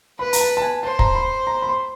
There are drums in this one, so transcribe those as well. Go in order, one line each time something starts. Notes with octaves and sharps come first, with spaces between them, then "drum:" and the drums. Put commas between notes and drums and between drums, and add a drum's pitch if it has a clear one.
B4 B5
A#5, drum: hi-hat
A5
A5
G#5
C5 A5
A#5, drum: kick
B5
A#5
B5
C6